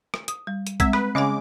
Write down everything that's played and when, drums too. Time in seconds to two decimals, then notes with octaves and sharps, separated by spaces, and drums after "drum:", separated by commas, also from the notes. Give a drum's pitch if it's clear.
0.14 drum: rim click
0.28 D#6, drum: hi-hat
0.47 G3
0.67 drum: hi-hat
0.80 G#3 C4 E5, drum: kick B1, hi-hat
0.93 B4, drum: rim click
1.15 C#3 G#3 C#4 G#5 D6